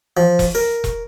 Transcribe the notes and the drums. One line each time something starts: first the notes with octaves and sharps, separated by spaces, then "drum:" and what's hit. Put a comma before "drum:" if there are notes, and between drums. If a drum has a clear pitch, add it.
F3
drum: kick E1, open hi-hat
A#4
drum: kick E1, hi-hat